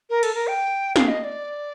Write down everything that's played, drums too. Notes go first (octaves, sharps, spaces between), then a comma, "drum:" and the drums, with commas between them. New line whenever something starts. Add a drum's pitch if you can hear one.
A#4
A4, drum: cymbal
A#4
G5
F5, drum: snare
D#5
D#5
D5